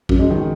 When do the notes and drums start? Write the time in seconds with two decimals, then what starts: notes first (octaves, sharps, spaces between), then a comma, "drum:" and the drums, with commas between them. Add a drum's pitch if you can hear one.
0.09 F#2 F#3, drum: kick
0.19 G#3
0.30 D#3 F#3